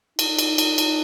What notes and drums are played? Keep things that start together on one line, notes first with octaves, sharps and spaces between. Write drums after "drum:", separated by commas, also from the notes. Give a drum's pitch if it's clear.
D#4, drum: cymbal
drum: cymbal
drum: cymbal
drum: cymbal